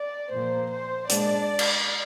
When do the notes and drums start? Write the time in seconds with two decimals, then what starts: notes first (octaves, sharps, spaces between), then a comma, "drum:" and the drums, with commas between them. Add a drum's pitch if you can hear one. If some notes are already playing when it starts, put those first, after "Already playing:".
Already playing: D5
0.32 A#2 F3 A#3 C5
0.71 C5
1.10 A#2 G#3 D4 D5, drum: hi-hat
1.59 drum: cymbal